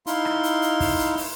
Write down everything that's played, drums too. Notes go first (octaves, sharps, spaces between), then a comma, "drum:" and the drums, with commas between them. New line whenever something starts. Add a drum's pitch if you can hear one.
D#4 E4 F5 C6, drum: hi-hat
drum: rim click
drum: hi-hat
drum: hi-hat
drum: kick, open hi-hat
drum: hi-hat
drum: open hi-hat